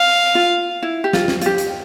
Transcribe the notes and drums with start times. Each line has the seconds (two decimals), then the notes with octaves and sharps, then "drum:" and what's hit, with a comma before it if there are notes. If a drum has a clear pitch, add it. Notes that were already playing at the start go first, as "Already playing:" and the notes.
Already playing: F5
0.35 F4
0.83 E4
1.04 G4
1.13 F4, drum: snare
1.28 drum: snare
1.41 F4, drum: hi-hat
1.46 G4
1.58 drum: hi-hat